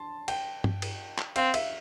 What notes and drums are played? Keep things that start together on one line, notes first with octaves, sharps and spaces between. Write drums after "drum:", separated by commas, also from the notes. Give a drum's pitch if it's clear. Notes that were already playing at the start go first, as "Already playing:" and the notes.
Already playing: A5 C6
G5, drum: cymbal
drum: tom G2
drum: cymbal
drum: clap
C4 F5, drum: cymbal
E5, drum: cymbal